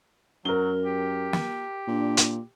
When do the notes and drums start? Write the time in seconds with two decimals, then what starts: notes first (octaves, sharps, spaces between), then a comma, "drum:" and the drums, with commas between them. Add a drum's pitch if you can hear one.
0.45 F#2 F#3 A#4 G7
0.85 G4
1.33 drum: snare
1.88 A#2 D4
2.17 drum: hi-hat